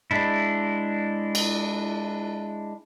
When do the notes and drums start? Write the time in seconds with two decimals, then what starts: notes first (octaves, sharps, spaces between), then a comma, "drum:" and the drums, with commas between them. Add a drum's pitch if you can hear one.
0.11 G#3 D4 E4
1.35 drum: cymbal